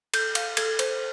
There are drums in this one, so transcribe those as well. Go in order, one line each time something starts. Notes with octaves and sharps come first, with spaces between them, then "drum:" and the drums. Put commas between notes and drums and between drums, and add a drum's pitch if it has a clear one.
A4 G6, drum: cymbal
F5, drum: cymbal
A4 G#6, drum: cymbal
C5, drum: cymbal